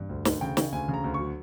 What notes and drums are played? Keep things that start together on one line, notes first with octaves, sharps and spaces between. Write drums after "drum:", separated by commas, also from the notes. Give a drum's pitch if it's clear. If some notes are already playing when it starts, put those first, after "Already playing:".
Already playing: G2
D2
D2, drum: snare
C#3 G5
C#3, drum: snare
D2 G#5
C#3
A#5
D2
C#6
F#3